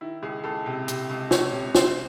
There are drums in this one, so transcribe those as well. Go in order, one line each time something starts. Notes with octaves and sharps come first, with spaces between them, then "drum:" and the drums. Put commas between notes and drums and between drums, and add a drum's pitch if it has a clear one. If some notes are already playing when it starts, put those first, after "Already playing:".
D#3 E4
C#2 G#4
C#2 A4
C3
C3, drum: hi-hat
C#2
C#2 C#5, drum: snare
C3
C2 C5, drum: snare